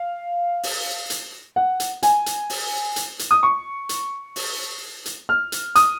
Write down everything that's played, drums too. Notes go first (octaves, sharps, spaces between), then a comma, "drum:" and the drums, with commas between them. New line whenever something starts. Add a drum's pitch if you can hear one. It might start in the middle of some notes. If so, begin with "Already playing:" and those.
Already playing: F5
drum: open hi-hat
drum: hi-hat
F#5
drum: hi-hat
G#5, drum: hi-hat
drum: hi-hat
drum: open hi-hat
drum: hi-hat
drum: hi-hat
D#6
C#6
drum: hi-hat
drum: open hi-hat
drum: hi-hat
F6
drum: hi-hat
D#6, drum: hi-hat